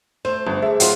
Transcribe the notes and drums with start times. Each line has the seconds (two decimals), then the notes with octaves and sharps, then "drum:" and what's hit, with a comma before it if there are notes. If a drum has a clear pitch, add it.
0.25 A3 C5
0.47 G1 C5
0.62 G#4 E5
0.80 F#3 D#4 F4, drum: hi-hat